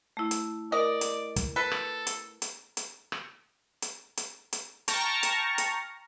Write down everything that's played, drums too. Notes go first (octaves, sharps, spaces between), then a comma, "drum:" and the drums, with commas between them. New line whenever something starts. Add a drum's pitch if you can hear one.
A3 E4
drum: hi-hat
A#4 D5 D#5
drum: hi-hat
drum: kick, hi-hat
A4 B4
drum: rim click
drum: hi-hat
drum: hi-hat
drum: hi-hat
drum: rim click
drum: hi-hat
drum: hi-hat
drum: hi-hat
G5 A5 A#5 C#6 F6 A#6, drum: hi-hat
drum: hi-hat
drum: hi-hat